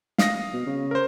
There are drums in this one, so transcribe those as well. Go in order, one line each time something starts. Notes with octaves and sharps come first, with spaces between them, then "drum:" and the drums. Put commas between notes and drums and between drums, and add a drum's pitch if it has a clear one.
F5 D#6 A#6, drum: snare
B2
C#3
A#4 C5